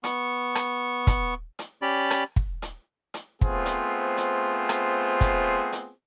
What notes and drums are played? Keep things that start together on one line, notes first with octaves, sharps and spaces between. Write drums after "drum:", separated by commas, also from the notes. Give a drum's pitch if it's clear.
B3 C#6, drum: hi-hat
drum: rim click
drum: kick, hi-hat
drum: hi-hat
C#4 G4 D5 B5
drum: rim click
drum: kick
drum: hi-hat
drum: hi-hat
A3 B3 C4 F4 G#4 C5, drum: kick
drum: hi-hat
drum: hi-hat
drum: rim click
drum: kick, hi-hat
drum: hi-hat